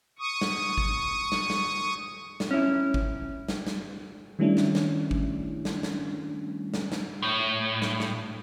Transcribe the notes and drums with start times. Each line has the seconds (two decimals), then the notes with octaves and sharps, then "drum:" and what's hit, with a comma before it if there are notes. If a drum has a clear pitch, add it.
0.19 C#6 D#6
0.41 drum: snare
0.78 drum: kick
1.32 drum: snare
1.50 drum: snare
2.40 drum: snare
2.51 C#4 E4
2.94 drum: kick
3.48 drum: snare
3.67 drum: snare
4.39 D#3 G3 A3 C#4 D4 E4
4.57 drum: snare
4.75 drum: snare
5.11 drum: kick
5.65 drum: snare
5.83 drum: snare
6.74 drum: snare
6.92 drum: snare
7.22 A2
7.82 drum: snare
8.00 drum: snare